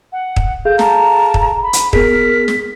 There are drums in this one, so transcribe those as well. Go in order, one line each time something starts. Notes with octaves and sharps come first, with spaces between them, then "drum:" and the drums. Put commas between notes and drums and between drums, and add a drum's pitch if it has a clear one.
F#5
drum: kick
G#4 A4 F5 G6
A5 A#5, drum: snare
drum: kick
B5
drum: hi-hat
B3 G#4 A#4 B6, drum: kick
drum: snare